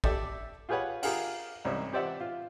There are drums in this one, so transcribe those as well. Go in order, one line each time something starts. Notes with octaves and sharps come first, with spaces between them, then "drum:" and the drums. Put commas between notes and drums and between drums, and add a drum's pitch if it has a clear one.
G4 A4 D5 E5 D6, drum: kick
F4 G4 G#4 B4 C#5 F#5
F4 G4 G#4 A#4 F5 F#5, drum: cymbal
C2 G#2 C#4 E5
G4 C5 D5 E5 F#5
F4